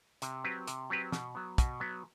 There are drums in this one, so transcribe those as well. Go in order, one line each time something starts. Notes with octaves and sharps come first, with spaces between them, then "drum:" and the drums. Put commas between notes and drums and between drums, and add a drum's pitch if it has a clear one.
C3, drum: hi-hat
F#3 C4 G4 B4
C3, drum: hi-hat
F#3 C4 G4 B4
B2, drum: snare
F#3 B3
B2, drum: kick, hi-hat
F#3 B3